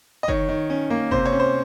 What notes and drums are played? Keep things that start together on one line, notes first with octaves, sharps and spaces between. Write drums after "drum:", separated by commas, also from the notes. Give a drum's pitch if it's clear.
D#5
D#3 C#5, drum: kick
D#3
C#4
A#3
C3 C5, drum: kick
C#5
C#4
C5